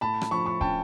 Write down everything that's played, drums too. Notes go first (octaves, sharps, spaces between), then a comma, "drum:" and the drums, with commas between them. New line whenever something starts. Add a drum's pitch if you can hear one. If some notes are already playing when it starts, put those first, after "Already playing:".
A2 A5 B5
drum: rim click
F3 B5 C#6
B5 C#6
C#4 G5 A5, drum: kick